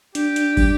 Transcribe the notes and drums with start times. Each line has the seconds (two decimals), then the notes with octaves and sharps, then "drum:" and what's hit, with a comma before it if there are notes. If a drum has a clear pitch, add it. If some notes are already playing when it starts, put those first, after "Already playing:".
0.15 D4 G4, drum: hi-hat
0.36 drum: hi-hat
0.57 G3, drum: kick, open hi-hat